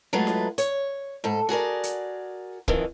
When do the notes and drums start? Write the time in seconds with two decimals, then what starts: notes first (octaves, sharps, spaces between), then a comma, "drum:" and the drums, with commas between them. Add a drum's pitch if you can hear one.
0.13 F#3 G#3 A3 F4 B4
0.27 drum: snare E4
0.58 C#5, drum: hi-hat
1.24 G#2 A4
1.49 F#4 G#4 A#4 D5
1.83 drum: hi-hat
2.68 F2 D#3 E3, drum: kick